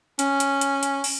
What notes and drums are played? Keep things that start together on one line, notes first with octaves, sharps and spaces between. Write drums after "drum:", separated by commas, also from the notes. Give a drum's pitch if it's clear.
C#4, drum: hi-hat
drum: hi-hat
drum: hi-hat
drum: hi-hat
drum: open hi-hat